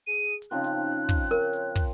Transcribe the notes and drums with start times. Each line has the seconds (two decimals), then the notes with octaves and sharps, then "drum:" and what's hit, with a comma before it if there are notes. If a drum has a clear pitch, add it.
0.07 G#4 D#7
0.42 drum: hi-hat
0.51 C#3 F3 C4 D#4 F#6
0.64 drum: hi-hat
1.09 drum: kick, hi-hat
1.31 A#4 C#5, drum: hi-hat
1.53 drum: hi-hat
1.75 drum: kick, hi-hat